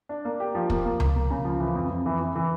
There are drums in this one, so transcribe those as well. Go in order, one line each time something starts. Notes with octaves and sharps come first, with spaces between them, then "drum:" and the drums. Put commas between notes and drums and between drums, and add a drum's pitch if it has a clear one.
D4
A#3
G4
F3
A#3, drum: kick
A#3
A#3, drum: tom C#2
A#3
C#3
F3
E3
F2
F2
E3
E3
E3